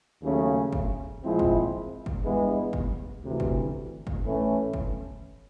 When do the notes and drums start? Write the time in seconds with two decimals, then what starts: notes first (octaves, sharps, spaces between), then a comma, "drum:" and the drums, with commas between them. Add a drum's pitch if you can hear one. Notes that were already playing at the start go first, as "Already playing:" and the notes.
0.22 D#2 C#3 F#3 A3 C#4
0.73 drum: kick
1.23 A#2 F3 G#3 C4 E4
1.39 drum: kick
2.06 drum: kick
2.23 G2 E3 G#3 B3
2.73 drum: kick
3.23 D2 C3 E3
3.40 drum: kick
4.07 drum: kick
4.23 A2 E3 A3 C#4
4.74 drum: kick